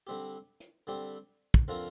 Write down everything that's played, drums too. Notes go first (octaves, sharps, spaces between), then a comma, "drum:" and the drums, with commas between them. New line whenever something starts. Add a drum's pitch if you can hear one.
D3 G3 C4 G4
drum: hi-hat
D3 G3 C4 G4
drum: kick
D3 F3 C4 F4 A#4